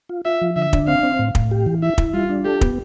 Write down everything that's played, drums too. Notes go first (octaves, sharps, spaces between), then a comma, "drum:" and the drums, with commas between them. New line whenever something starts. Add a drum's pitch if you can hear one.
F4
F4 E5
F3
D3 E5
D4, drum: kick
C4 F5
C4
A2
A2, drum: kick
G4
E3
E4 E5
E4, drum: kick
G3 F4
D4
G4 A4
B3, drum: kick